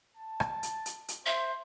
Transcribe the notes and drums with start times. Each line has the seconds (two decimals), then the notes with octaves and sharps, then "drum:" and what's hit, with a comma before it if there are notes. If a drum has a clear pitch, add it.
0.17 A5
0.40 drum: rim click
0.63 drum: hi-hat
0.86 drum: hi-hat
1.08 drum: hi-hat
1.26 C5 E5